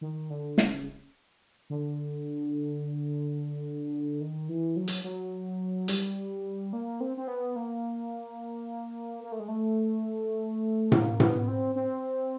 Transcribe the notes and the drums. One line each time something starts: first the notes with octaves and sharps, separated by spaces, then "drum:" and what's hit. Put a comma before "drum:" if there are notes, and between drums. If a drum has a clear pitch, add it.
D#3
D3
C#3, drum: snare
D3
D#3
E3
F#3
drum: hi-hat
F#3
G3, drum: hi-hat
A#3
C4
C4
B3
A#3
A#3
A3
G#3
A3
A#3, drum: tom A2
B3, drum: tom A2
C4
C4